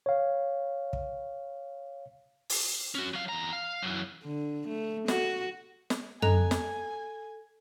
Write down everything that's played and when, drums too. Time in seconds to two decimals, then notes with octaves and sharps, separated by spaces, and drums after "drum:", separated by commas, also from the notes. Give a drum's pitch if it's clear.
0.06 C#5 F5
0.93 drum: kick
2.50 drum: open hi-hat
2.95 C#4 F#4
3.13 F#3 F5
3.29 E2 A#5
3.53 F5
3.82 F#2 E3
4.23 D3
4.68 A3
5.08 F#4, drum: snare
5.90 drum: snare
6.22 A4 D#5 G#5 A#5 F#6, drum: tom
6.51 drum: snare